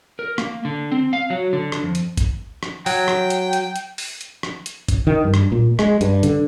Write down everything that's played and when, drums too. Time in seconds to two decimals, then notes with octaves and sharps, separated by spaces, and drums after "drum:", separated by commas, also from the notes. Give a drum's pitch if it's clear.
0.19 A#4
0.38 A#3, drum: rim click
0.65 D3
0.92 C4
1.13 F5
1.30 F#3
1.53 D3
1.72 drum: rim click
1.83 F2
1.95 drum: hi-hat
2.17 drum: kick, hi-hat
2.63 drum: rim click
2.86 F#3 G5, drum: open hi-hat
3.08 drum: rim click
3.30 drum: hi-hat
3.53 drum: hi-hat
3.76 drum: hi-hat
3.98 drum: open hi-hat
4.21 drum: hi-hat
4.43 drum: rim click
4.66 drum: hi-hat
4.88 drum: kick, hi-hat
5.07 D#3
5.24 G2
5.34 drum: rim click
5.52 A#2
5.79 G#3, drum: rim click
6.01 G2, drum: hi-hat
6.23 D3, drum: hi-hat